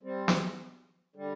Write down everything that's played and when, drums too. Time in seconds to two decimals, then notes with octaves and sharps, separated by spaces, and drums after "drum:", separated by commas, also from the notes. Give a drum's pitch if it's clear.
0.03 G3 C4
0.28 drum: snare
1.16 D3 G3